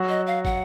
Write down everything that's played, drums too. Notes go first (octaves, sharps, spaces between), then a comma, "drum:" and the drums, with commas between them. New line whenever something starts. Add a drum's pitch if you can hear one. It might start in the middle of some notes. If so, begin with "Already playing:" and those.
Already playing: F#3 F#4
D#5
F5
F#5, drum: kick